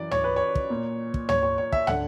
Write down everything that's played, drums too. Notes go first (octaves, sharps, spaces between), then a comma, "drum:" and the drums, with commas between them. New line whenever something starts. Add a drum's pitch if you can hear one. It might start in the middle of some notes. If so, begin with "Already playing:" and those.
Already playing: F#2 E3 D5
C#5, drum: tom
B4
C#5
drum: kick
A#2
drum: kick
C#5, drum: tom
C#5
C#5
E5, drum: kick
D3 F#5, drum: tom